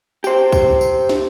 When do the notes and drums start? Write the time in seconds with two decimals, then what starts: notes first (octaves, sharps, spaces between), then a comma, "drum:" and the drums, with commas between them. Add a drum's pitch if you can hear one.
0.24 G4 C5, drum: tambourine
0.52 drum: kick, tambourine
0.81 drum: tambourine
1.09 drum: snare